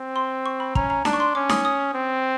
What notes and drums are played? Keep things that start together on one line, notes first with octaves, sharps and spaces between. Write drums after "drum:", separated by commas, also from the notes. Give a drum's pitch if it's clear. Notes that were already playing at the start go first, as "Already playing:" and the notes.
Already playing: C4
C6
C#6
B5
C#4 A#5, drum: kick
A#5
D4 A5, drum: snare D#4
C#6
C6
C#4 D6
D#6, drum: snare D#4
D#6
C4